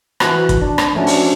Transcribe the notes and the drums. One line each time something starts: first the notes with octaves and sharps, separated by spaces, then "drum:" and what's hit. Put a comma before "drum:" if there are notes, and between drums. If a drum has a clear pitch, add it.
E3 E4 F#4 F#6, drum: rim click
drum: kick, hi-hat
D4
drum: rim click
F3 A3 C#4 D4 F#4
drum: open hi-hat